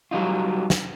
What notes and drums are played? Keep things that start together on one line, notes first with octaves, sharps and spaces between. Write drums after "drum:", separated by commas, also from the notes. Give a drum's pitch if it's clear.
F#3 G3 D#4 F4
drum: snare